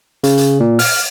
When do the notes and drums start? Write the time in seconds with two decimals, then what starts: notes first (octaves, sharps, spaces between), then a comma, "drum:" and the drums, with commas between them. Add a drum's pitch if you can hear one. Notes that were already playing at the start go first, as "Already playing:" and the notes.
0.24 C#3, drum: hi-hat
0.38 drum: hi-hat
0.60 A#2
0.79 F6, drum: open hi-hat